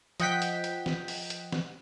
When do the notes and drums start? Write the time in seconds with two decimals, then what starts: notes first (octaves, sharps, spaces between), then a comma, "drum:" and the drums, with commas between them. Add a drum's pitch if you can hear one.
0.20 F3 D#5 F#5 G5 G6 B6, drum: hi-hat
0.42 drum: hi-hat
0.64 drum: hi-hat
0.86 drum: snare
1.08 drum: open hi-hat
1.30 drum: hi-hat
1.52 drum: snare